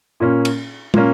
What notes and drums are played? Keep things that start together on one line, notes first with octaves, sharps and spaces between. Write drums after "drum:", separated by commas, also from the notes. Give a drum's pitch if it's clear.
A#2 A#3 C#4
drum: cymbal
A#2 A#3 C#4, drum: tom